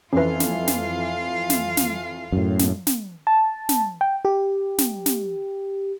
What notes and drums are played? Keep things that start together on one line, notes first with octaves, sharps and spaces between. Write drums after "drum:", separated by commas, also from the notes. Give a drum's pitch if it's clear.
F2 E3 C#4 F4 B4 F5
drum: snare
drum: snare
drum: snare
drum: snare
F#2 A2
drum: snare
drum: snare
A5
drum: snare
G5
G4
drum: snare
drum: snare